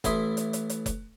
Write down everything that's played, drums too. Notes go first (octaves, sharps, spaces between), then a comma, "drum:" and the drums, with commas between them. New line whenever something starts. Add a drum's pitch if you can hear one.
A1 E4 B5 C6 D#6, drum: kick F1, hi-hat
drum: hi-hat
drum: hi-hat
drum: hi-hat
drum: kick F1, hi-hat